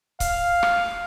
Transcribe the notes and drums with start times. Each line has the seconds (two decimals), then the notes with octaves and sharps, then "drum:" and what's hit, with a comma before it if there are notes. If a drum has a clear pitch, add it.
0.20 F5, drum: kick C#1, hi-hat
0.63 drum: rim click